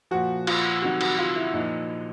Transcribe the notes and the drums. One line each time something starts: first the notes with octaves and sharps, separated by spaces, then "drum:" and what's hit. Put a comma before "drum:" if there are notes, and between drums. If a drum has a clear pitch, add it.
A#2 F3 F#4
F4, drum: cymbal
C3 D#3 F#3 F#4
F#4, drum: cymbal
F4
E4
A#2 F3 D#4